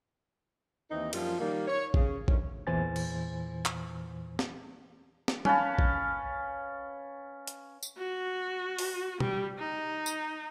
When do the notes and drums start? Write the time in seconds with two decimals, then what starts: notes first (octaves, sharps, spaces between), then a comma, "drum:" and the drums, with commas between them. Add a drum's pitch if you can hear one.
0.91 D#2 E3 C4 D#4
1.13 F#2 F3 G3 A#3 F4, drum: cymbal
1.40 D#3 G3 A#3
1.68 C#5
1.94 C#3, drum: kick A1
2.28 D2 D#3 C#4, drum: kick A1
2.67 E2 A#2 E3 C5 G#5 A6
2.96 drum: cymbal
3.65 drum: clap
4.39 drum: snare
5.28 drum: snare
5.45 C#4 B4 F5 A5, drum: tom G3
5.79 drum: kick A1
7.47 drum: hi-hat
7.83 drum: tambourine
7.98 F#4
8.79 drum: open hi-hat
9.20 G3, drum: tom
9.58 D#4
10.06 drum: tambourine